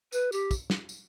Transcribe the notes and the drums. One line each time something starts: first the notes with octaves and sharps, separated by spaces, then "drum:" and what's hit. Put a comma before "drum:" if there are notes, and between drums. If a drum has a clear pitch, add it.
B4, drum: tambourine
G4, drum: tambourine
drum: kick, tambourine
drum: snare
drum: tambourine